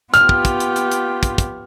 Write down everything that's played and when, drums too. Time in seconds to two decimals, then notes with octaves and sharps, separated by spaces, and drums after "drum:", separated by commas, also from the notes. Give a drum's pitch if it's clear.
0.14 B3 F4 G4 F6, drum: hi-hat
0.29 drum: kick
0.45 drum: kick, hi-hat
0.60 drum: hi-hat
0.76 drum: hi-hat
0.92 drum: hi-hat
1.23 drum: kick, hi-hat
1.38 drum: kick, hi-hat